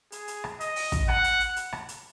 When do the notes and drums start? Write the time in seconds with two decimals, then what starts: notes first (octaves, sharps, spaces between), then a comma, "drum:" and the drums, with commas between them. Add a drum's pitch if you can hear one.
0.12 G#4, drum: hi-hat
0.28 drum: hi-hat
0.44 drum: rim click
0.60 D#5, drum: hi-hat
0.76 drum: open hi-hat
0.92 drum: kick, hi-hat
1.09 F#5, drum: rim click
1.24 drum: hi-hat
1.40 drum: hi-hat
1.56 drum: hi-hat
1.72 drum: rim click
1.89 drum: hi-hat